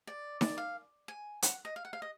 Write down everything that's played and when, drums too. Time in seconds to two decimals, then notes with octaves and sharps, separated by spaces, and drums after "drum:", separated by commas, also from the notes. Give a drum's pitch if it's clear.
0.07 D5
0.41 D5, drum: snare D#4
0.58 F5
1.08 G#5
1.42 F#5, drum: hi-hat
1.65 D#5
1.76 F5
1.85 F#5
1.93 F5
2.02 D#5